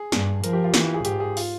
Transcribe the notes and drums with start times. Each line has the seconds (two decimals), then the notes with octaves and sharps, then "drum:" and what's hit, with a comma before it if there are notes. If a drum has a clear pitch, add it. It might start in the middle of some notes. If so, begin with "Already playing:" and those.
Already playing: G#4
0.12 G2, drum: snare
0.44 F3 A#4, drum: hi-hat
0.53 G4
0.64 F4
0.74 E3 G4, drum: snare
0.84 F4
0.94 G#4
1.05 G#2 G4, drum: hi-hat
1.20 G#4
1.37 F4, drum: open hi-hat